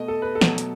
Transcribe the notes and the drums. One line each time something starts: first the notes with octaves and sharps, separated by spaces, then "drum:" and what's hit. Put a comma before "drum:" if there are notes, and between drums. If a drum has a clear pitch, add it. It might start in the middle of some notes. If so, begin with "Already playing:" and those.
Already playing: B2 A3 D#5
A4
B4
A4
B2 F#3 A3, drum: snare
drum: hi-hat